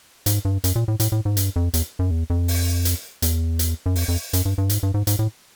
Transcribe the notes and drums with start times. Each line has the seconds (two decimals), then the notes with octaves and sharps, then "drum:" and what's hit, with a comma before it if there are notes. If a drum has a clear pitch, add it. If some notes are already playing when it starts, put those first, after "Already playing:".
0.26 G#2, drum: hi-hat
0.45 G2
0.64 F#2, drum: hi-hat
0.76 A#2
0.88 A2
1.00 A2, drum: hi-hat
1.12 A2
1.25 G#2
1.37 G2, drum: hi-hat
1.56 F2
1.74 E2, drum: hi-hat
1.99 F#2
2.11 E2
2.30 F2
2.48 drum: open hi-hat
2.85 drum: hi-hat
3.22 E2, drum: hi-hat
3.59 drum: hi-hat
3.86 F#2
3.96 F2, drum: open hi-hat
4.08 F2
4.33 F#2, drum: hi-hat
4.45 G2
4.58 G2
4.70 G#2, drum: hi-hat
4.83 G2
4.94 G#2
5.07 G#2, drum: hi-hat
5.19 A2